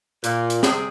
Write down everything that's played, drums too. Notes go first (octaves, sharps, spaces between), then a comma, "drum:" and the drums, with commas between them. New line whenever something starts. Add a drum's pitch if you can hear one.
A#2, drum: hi-hat
drum: hi-hat
C3 G3 G#4, drum: snare